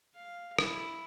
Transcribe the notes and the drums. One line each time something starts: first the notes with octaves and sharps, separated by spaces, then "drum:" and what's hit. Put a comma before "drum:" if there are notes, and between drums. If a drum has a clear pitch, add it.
F5
E4, drum: rim click